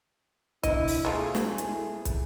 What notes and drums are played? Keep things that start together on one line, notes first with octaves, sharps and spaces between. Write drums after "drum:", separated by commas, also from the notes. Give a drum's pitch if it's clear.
B2 D4 E4 D#5, drum: kick, hi-hat
drum: open hi-hat
G#3 A3 F4 G#4
drum: snare
E4 A4, drum: hi-hat
drum: kick, hi-hat